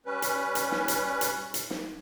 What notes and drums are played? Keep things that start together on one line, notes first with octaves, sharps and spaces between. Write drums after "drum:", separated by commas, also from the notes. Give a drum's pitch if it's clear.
G3 C#4 B4
drum: hi-hat
drum: hi-hat
drum: snare
drum: hi-hat
drum: hi-hat
drum: hi-hat
drum: snare